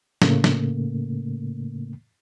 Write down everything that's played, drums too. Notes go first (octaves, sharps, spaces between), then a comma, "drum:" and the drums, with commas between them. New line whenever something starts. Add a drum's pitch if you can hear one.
A2 C#3 A3 A#3, drum: snare
drum: snare